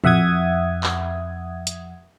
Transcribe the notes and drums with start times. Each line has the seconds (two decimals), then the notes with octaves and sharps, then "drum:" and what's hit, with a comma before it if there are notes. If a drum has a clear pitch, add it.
0.04 F2 E5 F#5 D#6 G#6, drum: tom A2
0.83 drum: clap
1.67 drum: hi-hat